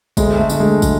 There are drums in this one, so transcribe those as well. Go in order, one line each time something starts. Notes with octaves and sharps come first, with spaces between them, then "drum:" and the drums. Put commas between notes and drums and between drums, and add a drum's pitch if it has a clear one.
D2 G#3, drum: kick, tambourine
A3
D3, drum: tambourine
G#3
F#3, drum: kick, tambourine